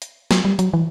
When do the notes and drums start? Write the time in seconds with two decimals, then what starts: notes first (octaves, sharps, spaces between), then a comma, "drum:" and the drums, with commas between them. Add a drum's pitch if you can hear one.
0.02 drum: hi-hat
0.31 F#3, drum: snare
0.45 G3
0.59 F#3, drum: hi-hat
0.73 E3